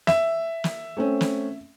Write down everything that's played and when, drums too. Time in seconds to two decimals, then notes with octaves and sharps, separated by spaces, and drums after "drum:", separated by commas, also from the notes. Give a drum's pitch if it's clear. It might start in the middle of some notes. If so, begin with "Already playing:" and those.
0.07 E5, drum: snare
0.64 drum: snare
0.97 A3 C4 C#4
1.21 drum: snare